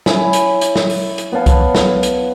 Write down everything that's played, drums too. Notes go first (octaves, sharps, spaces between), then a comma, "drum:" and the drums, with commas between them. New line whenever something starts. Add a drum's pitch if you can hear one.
C#4 E4, drum: snare
drum: hi-hat
drum: hi-hat
drum: snare
drum: open hi-hat
drum: hi-hat
B3 C#5 F5 A5
drum: kick C2, hi-hat
drum: snare
drum: hi-hat